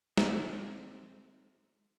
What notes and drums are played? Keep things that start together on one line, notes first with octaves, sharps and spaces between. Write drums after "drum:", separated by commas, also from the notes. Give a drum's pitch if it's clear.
A4, drum: snare
C4